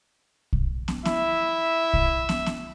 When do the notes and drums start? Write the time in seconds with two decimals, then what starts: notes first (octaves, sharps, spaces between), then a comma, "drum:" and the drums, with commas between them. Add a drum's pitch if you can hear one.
0.53 drum: kick
0.88 drum: snare
1.05 E4 E5, drum: snare
1.94 drum: kick
2.29 drum: snare
2.46 drum: snare